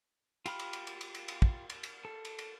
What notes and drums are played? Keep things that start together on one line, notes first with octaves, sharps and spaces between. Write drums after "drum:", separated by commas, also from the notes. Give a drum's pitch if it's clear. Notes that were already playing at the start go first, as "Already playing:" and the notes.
F4 G4 B5 F6, drum: cymbal
drum: cymbal
drum: cymbal
drum: cymbal
drum: cymbal
drum: cymbal
drum: cymbal
drum: kick
drum: cymbal
drum: cymbal
A4
drum: cymbal
drum: cymbal